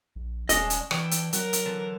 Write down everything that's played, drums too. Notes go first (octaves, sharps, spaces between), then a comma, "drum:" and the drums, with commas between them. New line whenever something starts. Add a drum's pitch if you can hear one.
A#1
D#1 G#3 C#4 D4 D#5, drum: hi-hat
drum: hi-hat
E3 D4 E4 F#4 G5, drum: rim click
drum: hi-hat
F#3 F#4 A#4, drum: hi-hat
drum: hi-hat
D3 E3 A5